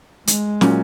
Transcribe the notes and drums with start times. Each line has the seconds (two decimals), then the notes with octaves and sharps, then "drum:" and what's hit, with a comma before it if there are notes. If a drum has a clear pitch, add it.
0.27 G#3, drum: hi-hat
0.61 A#2 F#3 C#4, drum: snare